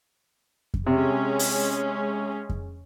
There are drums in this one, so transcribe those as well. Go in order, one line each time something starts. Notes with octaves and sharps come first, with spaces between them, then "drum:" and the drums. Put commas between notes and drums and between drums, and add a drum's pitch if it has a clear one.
drum: kick F2
C3 G#3 C#4
drum: open hi-hat
drum: kick F2